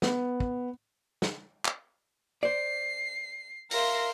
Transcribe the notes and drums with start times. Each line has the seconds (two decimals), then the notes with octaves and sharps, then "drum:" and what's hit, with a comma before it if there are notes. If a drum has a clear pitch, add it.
0.02 B3, drum: snare
0.40 drum: kick
1.22 drum: snare
1.65 drum: clap
2.43 C5 D5 C7
3.71 A#4 E5 F5 C6 A#6, drum: open hi-hat